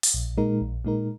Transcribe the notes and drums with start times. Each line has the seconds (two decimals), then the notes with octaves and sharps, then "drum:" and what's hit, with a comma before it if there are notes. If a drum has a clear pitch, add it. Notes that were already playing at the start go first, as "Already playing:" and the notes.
0.03 drum: open hi-hat
0.14 A#1
0.38 A#2 G#3 D#4 A#4
0.61 A#1
0.85 A#2 G#3 D#4 A#4